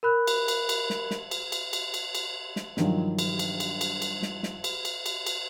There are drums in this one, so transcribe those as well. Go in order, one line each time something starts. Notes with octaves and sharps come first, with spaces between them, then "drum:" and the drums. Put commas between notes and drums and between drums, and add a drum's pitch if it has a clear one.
A#4 B5 F#6
drum: cymbal
drum: cymbal
drum: cymbal
drum: snare
drum: snare
drum: cymbal
drum: cymbal
drum: cymbal
drum: cymbal
drum: cymbal
drum: snare
G2 D#3 F3 F#3, drum: snare
drum: cymbal
drum: cymbal
drum: cymbal
drum: cymbal
drum: cymbal
drum: snare
drum: snare
drum: cymbal
drum: cymbal
drum: cymbal
drum: cymbal